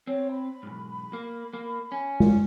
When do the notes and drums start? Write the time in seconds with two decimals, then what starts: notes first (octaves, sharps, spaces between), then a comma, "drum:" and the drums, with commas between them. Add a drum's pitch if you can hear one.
0.07 C4 C#5
0.31 B5
0.63 B1 E2 G#2
1.13 A#3
1.54 A#3
1.92 C#4
2.20 drum: tom G#3